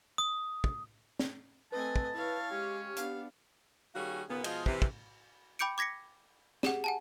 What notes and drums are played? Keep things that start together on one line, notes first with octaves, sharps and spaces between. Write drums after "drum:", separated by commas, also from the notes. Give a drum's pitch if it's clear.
D#6
drum: kick
drum: snare
A3 C4 B4 D#5 G#5 A5
drum: kick
E4 C#5 F5
G#3 C#4 G4
B3 D4 F5, drum: hi-hat
D#3 G3 A#3 C#4 F#4 G#4
D#2 A#2 C#3 B3
B2 F3 G#3 F4 D#5, drum: cymbal
C3 E3, drum: kick
drum: kick
G5 B5 D6 G6 C#7 D7
D6 G#6 A#6 B6 C#7
G4 G#4 F#5, drum: snare
F#5 G#5 A5